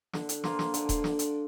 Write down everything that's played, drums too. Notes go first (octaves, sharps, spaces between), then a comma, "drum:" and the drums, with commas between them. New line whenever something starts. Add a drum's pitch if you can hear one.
D3, drum: snare
drum: hi-hat
F3 A#3 F4, drum: snare
drum: snare
D3, drum: hi-hat
drum: kick D#1, hi-hat
drum: snare
drum: hi-hat